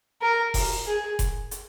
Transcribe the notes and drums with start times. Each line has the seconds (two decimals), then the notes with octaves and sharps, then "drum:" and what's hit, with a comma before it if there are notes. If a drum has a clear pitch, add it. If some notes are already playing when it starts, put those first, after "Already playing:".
0.21 A#4
0.54 drum: kick F1, open hi-hat
0.86 G#4
1.19 drum: kick F1, hi-hat
1.51 drum: hi-hat